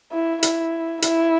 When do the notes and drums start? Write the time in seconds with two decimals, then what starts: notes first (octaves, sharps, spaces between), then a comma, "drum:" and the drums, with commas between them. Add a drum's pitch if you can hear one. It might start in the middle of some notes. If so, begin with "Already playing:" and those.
0.12 E4
0.43 E4, drum: hi-hat
1.02 E4, drum: hi-hat